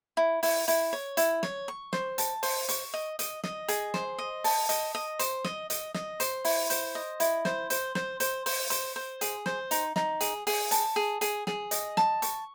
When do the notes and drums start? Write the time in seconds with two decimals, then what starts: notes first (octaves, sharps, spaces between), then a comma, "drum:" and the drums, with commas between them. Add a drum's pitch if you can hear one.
0.17 E4
0.43 E4, drum: open hi-hat
0.68 E4, drum: hi-hat
0.93 C#5
1.17 E4, drum: hi-hat
1.43 C#5, drum: snare
1.68 C#6
1.93 C5, drum: snare
2.18 A5, drum: hi-hat
2.43 C5, drum: open hi-hat
2.69 C#6, drum: hi-hat
2.94 D#5
3.19 D#5, drum: hi-hat
3.44 D#5, drum: snare
3.68 G#4, drum: hi-hat
3.94 C5, drum: snare
4.19 D#5
4.44 A5, drum: open hi-hat
4.69 D#5, drum: hi-hat
4.95 D#5
5.19 C5, drum: hi-hat
5.44 D#5, drum: snare
5.70 D#5, drum: hi-hat
5.94 D#5, drum: snare
6.20 C5, drum: hi-hat
6.45 E4, drum: open hi-hat
6.70 C5, drum: hi-hat
6.95 D#5
7.20 E4, drum: hi-hat
7.45 C5, drum: snare
7.70 C5, drum: hi-hat
7.95 C5, drum: snare
8.20 C5, drum: hi-hat
8.46 C5, drum: open hi-hat
8.70 C5, drum: hi-hat
8.96 C5
9.21 G#4, drum: hi-hat
9.46 C5, drum: snare
9.71 D#4, drum: hi-hat
9.96 D#4, drum: snare
10.21 G#4, drum: hi-hat
10.47 G#4, drum: open hi-hat
10.71 A5, drum: hi-hat
10.96 G#4
11.21 G#4, drum: hi-hat
11.47 G#4, drum: snare
11.71 D#5, drum: hi-hat
11.97 A5, drum: snare
12.22 C#6, drum: hi-hat